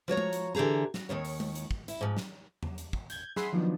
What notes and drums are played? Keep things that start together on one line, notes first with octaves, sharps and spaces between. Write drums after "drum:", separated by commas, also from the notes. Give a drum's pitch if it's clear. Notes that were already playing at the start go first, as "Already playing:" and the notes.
F3 F#4 C#5 A#5
drum: tom G#3
drum: hi-hat
D3 E3 G4 G#4 A#5
F#4, drum: snare
D#2 B2 D#3 C#5
drum: open hi-hat
drum: tom G#3
drum: hi-hat
drum: kick
E4, drum: hi-hat
G#2 F3
drum: snare
drum: tom E2
drum: hi-hat
drum: kick
G6 G#6, drum: hi-hat
G#4 E5 F#5 B5 C6, drum: snare
D#3 F3 F#3 B3 D4 D#4